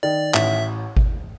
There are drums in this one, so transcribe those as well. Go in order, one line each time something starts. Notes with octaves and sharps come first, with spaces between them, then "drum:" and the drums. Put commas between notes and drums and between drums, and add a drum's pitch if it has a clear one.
D#3 D5
A1 E5, drum: clap
drum: kick G#1